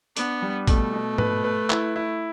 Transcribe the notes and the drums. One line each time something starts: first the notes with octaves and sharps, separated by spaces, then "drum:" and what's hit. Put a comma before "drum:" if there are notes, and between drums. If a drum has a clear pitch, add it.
B3 D4, drum: hi-hat
G3
B2 A3, drum: kick A1, hi-hat
B2
B4, drum: tom G#2
B4
E4, drum: clap
E4